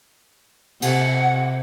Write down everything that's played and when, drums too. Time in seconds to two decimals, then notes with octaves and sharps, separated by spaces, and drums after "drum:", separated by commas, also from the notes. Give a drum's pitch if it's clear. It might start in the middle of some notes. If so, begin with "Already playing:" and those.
0.82 C3 F#5, drum: cymbal